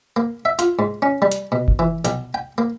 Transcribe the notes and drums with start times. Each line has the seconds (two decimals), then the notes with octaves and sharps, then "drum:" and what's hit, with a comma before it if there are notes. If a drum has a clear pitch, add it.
0.16 A#3
0.45 E5
0.59 F4, drum: hi-hat
0.79 G#2
1.02 C#4
1.22 G3
1.31 drum: hi-hat
1.52 B2
1.68 drum: kick F#1
1.79 E3
2.05 B1, drum: hi-hat
2.34 G5
2.58 A#3